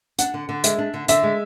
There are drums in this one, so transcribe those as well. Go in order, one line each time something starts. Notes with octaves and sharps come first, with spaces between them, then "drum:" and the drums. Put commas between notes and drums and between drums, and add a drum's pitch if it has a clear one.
D4 F#5, drum: hi-hat
D3
D3
G#3 E5, drum: hi-hat
D4
D3
D3 E5, drum: hi-hat
G#3